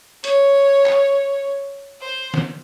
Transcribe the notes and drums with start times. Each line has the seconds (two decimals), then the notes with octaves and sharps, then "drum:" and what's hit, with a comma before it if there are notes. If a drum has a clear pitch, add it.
0.24 C#5, drum: hi-hat
0.86 drum: clap
2.01 C5
2.34 drum: snare